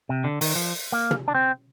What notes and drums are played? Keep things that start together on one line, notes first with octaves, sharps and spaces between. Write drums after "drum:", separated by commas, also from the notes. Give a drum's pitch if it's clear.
C3
D3
D#3, drum: open hi-hat
F3
A#3
drum: tom
D4
C4